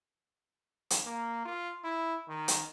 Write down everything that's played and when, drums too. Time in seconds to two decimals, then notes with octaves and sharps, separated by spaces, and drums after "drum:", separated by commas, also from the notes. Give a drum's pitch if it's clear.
0.90 drum: hi-hat
1.05 A#3
1.45 F4
1.84 E4
2.29 D#3
2.48 drum: hi-hat